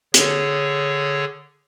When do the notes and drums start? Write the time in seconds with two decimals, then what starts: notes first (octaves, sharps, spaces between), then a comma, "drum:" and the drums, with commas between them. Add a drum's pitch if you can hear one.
0.14 D3 G#4 C#5, drum: hi-hat